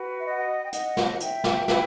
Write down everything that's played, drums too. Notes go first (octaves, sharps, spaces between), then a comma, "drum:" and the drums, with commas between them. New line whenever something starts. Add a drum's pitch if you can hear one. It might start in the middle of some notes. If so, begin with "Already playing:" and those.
Already playing: F#4 B4
E5
D#5 F#5
G5
D#5 F#5, drum: hi-hat
drum: snare
F#5
E5 G5, drum: hi-hat
drum: snare
E4 B4, drum: snare